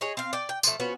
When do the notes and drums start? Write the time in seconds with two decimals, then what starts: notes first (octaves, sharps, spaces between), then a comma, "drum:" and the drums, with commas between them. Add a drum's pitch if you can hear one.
0.01 G#4 C#5 D#5
0.17 C4 F5
0.33 D5 G5
0.49 G5
0.63 F3 A3, drum: tambourine
0.80 F3 B3 C#4 F#4